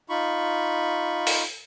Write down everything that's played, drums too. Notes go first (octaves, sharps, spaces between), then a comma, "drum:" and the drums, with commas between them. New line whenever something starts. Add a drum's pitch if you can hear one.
D#4 F4 B5 C#6
drum: open hi-hat